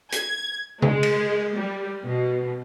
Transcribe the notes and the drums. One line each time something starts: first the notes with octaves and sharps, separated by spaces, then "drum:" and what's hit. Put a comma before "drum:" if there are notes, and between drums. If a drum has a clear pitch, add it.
G#6, drum: hi-hat
G#3, drum: tom C#3
drum: cymbal
G3
B2